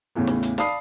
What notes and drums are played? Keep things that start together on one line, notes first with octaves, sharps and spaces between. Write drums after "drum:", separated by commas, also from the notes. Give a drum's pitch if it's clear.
E2 A2 C#3 E3 B3
drum: snare
drum: hi-hat
D5 F5 A5 B5 D#6 C7, drum: snare